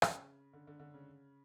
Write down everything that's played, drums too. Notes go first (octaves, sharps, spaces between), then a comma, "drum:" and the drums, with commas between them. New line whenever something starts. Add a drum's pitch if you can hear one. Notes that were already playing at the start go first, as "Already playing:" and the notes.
C#3, drum: rim click
D3
D3
D3
C#3